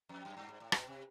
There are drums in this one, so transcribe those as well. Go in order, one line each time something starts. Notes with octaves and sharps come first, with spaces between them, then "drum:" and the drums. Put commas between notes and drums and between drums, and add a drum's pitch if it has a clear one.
F2
F#2
G2
G#2
A2
B2, drum: rim click
C3